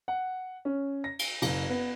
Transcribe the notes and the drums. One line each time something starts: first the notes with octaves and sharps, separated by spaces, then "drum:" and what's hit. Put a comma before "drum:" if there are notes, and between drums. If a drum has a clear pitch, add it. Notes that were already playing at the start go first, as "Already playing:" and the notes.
F#5
C#4
A#6
drum: cymbal
F#1, drum: cymbal
B3